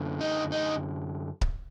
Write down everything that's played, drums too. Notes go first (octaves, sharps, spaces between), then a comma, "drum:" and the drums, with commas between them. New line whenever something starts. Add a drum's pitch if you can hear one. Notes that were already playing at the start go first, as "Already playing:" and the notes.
Already playing: F#2 D3
D#4
D#4
drum: kick C#1